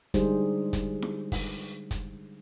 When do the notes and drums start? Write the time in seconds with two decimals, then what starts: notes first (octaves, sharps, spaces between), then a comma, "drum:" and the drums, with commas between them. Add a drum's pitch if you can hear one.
0.14 D3 G3 G#3 D#4 G#4 C5, drum: kick, hi-hat
0.73 drum: kick, hi-hat
1.02 drum: snare E4
1.32 drum: kick, open hi-hat
1.91 drum: kick, hi-hat